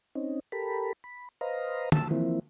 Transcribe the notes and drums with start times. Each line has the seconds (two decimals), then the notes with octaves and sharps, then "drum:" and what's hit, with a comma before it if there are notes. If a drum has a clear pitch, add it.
0.15 C4 C#4 D#4
0.52 G4 A4 A#4 B5
1.04 B5
1.41 B4 C5 D#5 F5 A#5
1.92 A5 E6, drum: tom
2.11 E3 F3 A#3 C4 E4